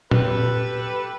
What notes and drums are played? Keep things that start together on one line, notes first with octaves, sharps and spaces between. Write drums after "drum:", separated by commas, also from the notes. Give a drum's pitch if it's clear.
G4 A4 B4, drum: tom A#2